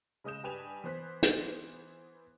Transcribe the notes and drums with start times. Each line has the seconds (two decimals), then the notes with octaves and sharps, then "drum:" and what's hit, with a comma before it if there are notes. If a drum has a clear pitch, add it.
0.24 C#3 G#3 D#5 D#6 G6 E7
0.44 G2 G4 B4 G#5 F7
0.84 E3 B3 C5 F#6 B6
1.23 drum: hi-hat